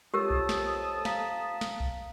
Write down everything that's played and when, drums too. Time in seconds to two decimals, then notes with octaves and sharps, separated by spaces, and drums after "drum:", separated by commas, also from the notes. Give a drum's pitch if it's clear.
0.14 F2 G4 A#4 C#5 A5 D#6 E6
0.30 drum: kick B1
0.49 drum: snare
1.05 F5 A#5 B6, drum: snare
1.61 drum: snare
1.80 drum: kick B1